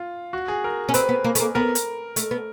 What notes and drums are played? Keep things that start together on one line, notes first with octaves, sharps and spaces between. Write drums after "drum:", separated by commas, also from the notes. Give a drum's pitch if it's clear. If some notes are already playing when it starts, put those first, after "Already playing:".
Already playing: F4
F#4
G#4
A#4
C#4
C4 B4, drum: hi-hat
B3
A#3
A3, drum: hi-hat
A#3
B3 A#4
drum: hi-hat
A3, drum: hi-hat
B3